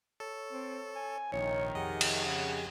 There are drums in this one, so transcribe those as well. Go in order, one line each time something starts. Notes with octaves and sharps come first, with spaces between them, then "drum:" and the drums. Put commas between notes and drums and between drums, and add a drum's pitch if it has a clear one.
A4 C#5
C4
G#5
A#1 C3 D#3 C#5
F2 G4 G#4 D#5 F#5
drum: cymbal
C#3 F#5